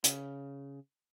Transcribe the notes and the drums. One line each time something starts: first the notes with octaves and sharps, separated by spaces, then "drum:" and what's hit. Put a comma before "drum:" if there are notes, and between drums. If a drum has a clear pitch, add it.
C#3, drum: hi-hat